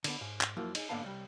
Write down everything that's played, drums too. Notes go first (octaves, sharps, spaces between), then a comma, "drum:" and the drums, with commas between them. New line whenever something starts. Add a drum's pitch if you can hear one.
D3 B3, drum: cymbal
G#2
drum: clap
F#2 F3 F#3 A#3 E4
D#4 G#4, drum: cymbal
G#2 D3 A#3 B3 F5 A5
C2 G3